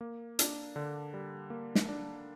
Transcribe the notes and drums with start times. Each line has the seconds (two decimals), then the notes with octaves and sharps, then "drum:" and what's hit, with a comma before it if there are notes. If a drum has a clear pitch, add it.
0.01 A#3
0.39 D4, drum: hi-hat
0.76 D3
1.14 G3
1.50 A#3
1.75 drum: snare
1.89 D4